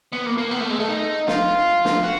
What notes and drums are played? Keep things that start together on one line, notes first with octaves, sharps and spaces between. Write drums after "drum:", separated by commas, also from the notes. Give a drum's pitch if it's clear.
B3
A#3
A#3
B3
A3
G#3
A3
D#4
F4, drum: snare
drum: snare
F#4